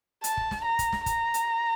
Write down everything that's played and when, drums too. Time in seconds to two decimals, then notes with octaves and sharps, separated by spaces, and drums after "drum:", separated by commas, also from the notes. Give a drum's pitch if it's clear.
0.24 A5, drum: hi-hat
0.37 drum: kick
0.51 drum: snare
0.65 A#5
0.79 drum: kick, hi-hat
0.93 drum: snare
1.06 A#5, drum: kick, hi-hat
1.34 drum: hi-hat